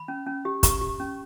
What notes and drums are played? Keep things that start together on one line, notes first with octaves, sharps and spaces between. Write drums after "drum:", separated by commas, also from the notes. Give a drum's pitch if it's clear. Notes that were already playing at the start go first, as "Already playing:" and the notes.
Already playing: B5
C#4
C#4
G4
G4 C#6, drum: kick, hi-hat
G4
C#4